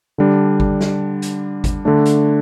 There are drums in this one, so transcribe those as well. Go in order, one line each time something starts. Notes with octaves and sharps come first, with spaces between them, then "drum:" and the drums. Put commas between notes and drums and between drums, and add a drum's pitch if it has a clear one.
D3 G3 D4
drum: kick G#1
drum: snare G4
drum: hi-hat
drum: kick G#1, hi-hat
D3 A3 D4
drum: hi-hat